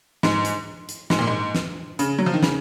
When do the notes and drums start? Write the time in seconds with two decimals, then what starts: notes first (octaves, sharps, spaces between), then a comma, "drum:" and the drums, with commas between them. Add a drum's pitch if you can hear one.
0.23 G#2, drum: snare
0.45 drum: hi-hat
0.89 drum: hi-hat
1.10 G#2, drum: snare
1.19 A#2
1.27 G#2
1.55 drum: snare
1.99 C#3, drum: hi-hat
2.19 F#3
2.26 F3
2.34 D#3
2.43 C#3, drum: snare